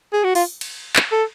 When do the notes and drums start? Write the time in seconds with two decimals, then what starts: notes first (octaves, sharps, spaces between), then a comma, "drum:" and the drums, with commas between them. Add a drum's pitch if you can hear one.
0.13 G#4
0.24 F#4
0.35 F4, drum: open hi-hat
0.61 drum: cymbal
0.96 drum: clap
1.12 A4